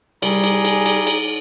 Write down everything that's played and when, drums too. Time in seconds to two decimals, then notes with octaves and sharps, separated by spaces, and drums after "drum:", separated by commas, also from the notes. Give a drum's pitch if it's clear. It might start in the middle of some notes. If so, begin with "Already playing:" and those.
0.22 C2 G3 G#4 G#5 A#5, drum: cymbal
0.44 drum: cymbal
0.65 drum: cymbal
0.86 drum: cymbal
1.07 drum: cymbal